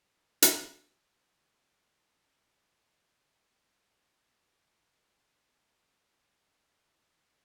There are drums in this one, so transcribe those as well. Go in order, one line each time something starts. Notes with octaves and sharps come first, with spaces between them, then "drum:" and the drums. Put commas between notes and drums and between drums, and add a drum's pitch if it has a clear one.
C#3
drum: hi-hat
C3
A#2
A2
A#2
A2
A#2
A2
C3
A#2
A#2
A#2
C3
A#2
A2
A#2